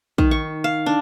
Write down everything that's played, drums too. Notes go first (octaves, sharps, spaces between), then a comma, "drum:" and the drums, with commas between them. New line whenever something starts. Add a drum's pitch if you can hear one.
D#3, drum: kick
C#6
F5
D4